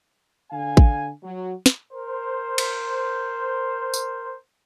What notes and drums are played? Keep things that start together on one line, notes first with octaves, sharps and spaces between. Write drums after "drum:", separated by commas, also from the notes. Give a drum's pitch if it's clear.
D3 F5 G#5
drum: kick A1
F#3
drum: snare
A#4 C5
drum: cymbal
drum: tambourine